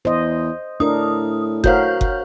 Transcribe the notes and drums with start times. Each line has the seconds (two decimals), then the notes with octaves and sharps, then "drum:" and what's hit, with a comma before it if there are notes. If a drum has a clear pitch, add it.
0.05 E2 C5 D#5
0.80 A2 D4 A#4 D#6
1.64 F#4 A#4 C5 C#5 F5 G6, drum: kick F#1
2.01 drum: kick F#1